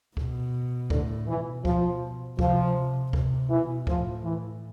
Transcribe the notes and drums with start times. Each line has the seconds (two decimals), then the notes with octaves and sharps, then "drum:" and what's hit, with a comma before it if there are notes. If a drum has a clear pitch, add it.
0.17 B2, drum: kick D2
0.90 A2 D3, drum: kick D2
1.28 B2 E3
1.65 F3, drum: kick D2
2.39 C3 F3, drum: kick D2
3.13 C3, drum: kick D2
3.50 B2 E3
3.87 A2 F3, drum: kick D2
4.24 E3